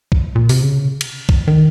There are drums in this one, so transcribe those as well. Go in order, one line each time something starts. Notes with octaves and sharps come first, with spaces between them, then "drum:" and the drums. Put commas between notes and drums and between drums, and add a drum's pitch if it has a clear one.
drum: kick
A#2
C3, drum: open hi-hat
C#3
drum: cymbal
drum: kick
D#3